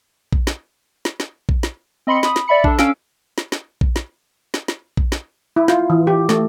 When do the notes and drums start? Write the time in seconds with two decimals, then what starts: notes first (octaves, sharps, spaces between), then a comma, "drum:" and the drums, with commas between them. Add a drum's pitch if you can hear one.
0.33 drum: kick A#1
0.47 drum: snare
1.05 drum: snare
1.20 drum: snare
1.49 drum: kick A#1
1.63 drum: snare
2.07 C4 D#5 B5 C6 C#7
2.23 B5 D#6, drum: snare
2.36 drum: snare
2.48 D5 E5 B5 C#7
2.64 D4 A4, drum: kick A#1
2.79 C#4 F5 E6 D7, drum: snare
3.38 drum: snare
3.52 drum: snare
3.81 drum: kick A#1
3.96 drum: snare
4.54 drum: snare
4.68 drum: snare
4.97 drum: kick A#1
5.12 drum: snare
5.56 E4
5.68 F4, drum: snare
5.90 E3
6.07 G4
6.29 A3, drum: snare